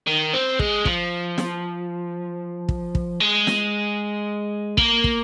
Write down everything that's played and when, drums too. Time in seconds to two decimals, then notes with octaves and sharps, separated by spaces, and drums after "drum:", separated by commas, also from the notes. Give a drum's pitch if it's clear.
0.07 D#3
0.34 C4
0.59 G#3, drum: kick
0.85 F3, drum: kick
1.38 drum: snare
2.69 drum: kick
2.95 drum: kick
3.20 G#3
3.47 drum: snare
4.77 A#3, drum: kick
5.04 drum: kick